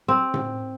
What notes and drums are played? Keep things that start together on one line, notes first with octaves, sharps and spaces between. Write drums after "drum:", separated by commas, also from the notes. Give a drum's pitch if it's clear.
C4
drum: tom A2